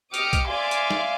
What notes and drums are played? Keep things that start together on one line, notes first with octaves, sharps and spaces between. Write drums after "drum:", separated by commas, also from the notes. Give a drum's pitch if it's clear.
G4 D#5 D6 D#6 F6 C#7, drum: hi-hat
drum: kick B1, hi-hat
D5 E5 F5 G#5 C6 D6
drum: hi-hat
drum: snare